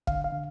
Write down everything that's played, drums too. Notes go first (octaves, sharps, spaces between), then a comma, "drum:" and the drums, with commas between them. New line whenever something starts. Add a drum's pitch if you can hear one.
D3 F5, drum: kick
F5
D3